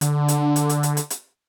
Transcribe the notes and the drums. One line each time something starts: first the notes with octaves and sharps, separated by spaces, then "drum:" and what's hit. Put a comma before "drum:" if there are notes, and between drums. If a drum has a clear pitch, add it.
D3, drum: hi-hat
drum: hi-hat
drum: hi-hat
drum: hi-hat
drum: hi-hat
drum: hi-hat
drum: hi-hat